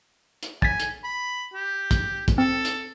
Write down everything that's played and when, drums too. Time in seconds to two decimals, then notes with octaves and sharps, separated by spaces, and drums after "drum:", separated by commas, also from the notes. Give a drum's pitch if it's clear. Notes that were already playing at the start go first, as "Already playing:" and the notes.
0.43 drum: hi-hat
0.62 G#5 A6 B6, drum: kick
0.80 drum: hi-hat
1.04 B5
1.54 G4
1.91 drum: kick, hi-hat
2.28 drum: kick, hi-hat
2.38 C4 A4
2.65 drum: hi-hat